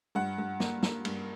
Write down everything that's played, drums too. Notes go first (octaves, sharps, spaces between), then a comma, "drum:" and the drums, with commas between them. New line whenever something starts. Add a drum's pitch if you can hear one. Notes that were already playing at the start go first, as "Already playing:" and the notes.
G2 F#5
G2
A#3, drum: snare
A#3, drum: snare
G2, drum: cymbal